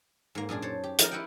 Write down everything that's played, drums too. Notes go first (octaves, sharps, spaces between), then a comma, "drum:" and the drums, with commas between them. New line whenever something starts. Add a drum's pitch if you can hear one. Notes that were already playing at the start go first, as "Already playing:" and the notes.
G#2 A#3
F#2 A#2 D4 G#4
C5 C#5 A5
G4
F3 A#4, drum: hi-hat
E4 G4 D#5 F#5 G5